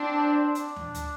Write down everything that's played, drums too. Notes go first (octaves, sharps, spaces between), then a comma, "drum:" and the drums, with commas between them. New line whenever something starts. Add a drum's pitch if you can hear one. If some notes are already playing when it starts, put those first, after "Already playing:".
Already playing: C4 D4
D4, drum: hi-hat
drum: tom D2
drum: hi-hat